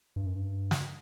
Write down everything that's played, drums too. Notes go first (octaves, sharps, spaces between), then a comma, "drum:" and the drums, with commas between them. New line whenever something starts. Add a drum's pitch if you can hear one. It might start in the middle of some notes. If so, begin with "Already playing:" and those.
G2
F#2
G2
drum: snare